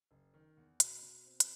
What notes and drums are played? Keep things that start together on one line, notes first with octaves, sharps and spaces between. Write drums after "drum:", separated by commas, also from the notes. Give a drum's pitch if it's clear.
F#1
D#3
E2
B2, drum: hi-hat
B2
C4
drum: hi-hat